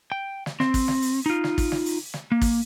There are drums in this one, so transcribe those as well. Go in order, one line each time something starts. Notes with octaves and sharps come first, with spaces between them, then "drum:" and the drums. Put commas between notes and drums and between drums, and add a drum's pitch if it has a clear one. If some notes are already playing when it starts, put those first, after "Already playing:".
G5
drum: snare
C4, drum: snare
drum: kick, open hi-hat
drum: snare
drum: open hi-hat
D#4 F4
drum: snare
drum: kick, open hi-hat
drum: snare
drum: open hi-hat
drum: snare
A#3
drum: kick, open hi-hat